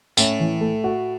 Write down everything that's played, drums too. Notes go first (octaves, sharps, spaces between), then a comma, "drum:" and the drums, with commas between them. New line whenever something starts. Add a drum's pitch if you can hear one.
A2 C#4, drum: tambourine
E3
A3
F#4